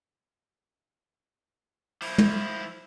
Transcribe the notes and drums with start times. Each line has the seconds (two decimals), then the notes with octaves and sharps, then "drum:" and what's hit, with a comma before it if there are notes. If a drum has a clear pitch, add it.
2.02 F3 E4, drum: open hi-hat
2.18 drum: tom